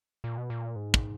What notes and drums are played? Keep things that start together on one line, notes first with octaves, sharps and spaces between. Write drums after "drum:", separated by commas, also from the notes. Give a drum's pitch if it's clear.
A#2
B2
A#2
G#2
drum: kick